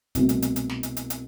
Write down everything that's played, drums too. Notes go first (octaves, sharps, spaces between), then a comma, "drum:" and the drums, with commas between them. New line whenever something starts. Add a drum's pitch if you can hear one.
C2 B2 A3, drum: kick, hi-hat
drum: hi-hat
drum: hi-hat
drum: hi-hat
drum: snare
drum: hi-hat
drum: hi-hat
drum: hi-hat